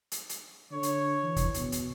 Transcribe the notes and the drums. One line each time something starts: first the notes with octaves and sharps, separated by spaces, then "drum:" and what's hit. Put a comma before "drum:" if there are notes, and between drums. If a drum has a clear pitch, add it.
drum: hi-hat
drum: hi-hat
D3 C#5
drum: hi-hat
E3
drum: kick, hi-hat
B2, drum: hi-hat
drum: hi-hat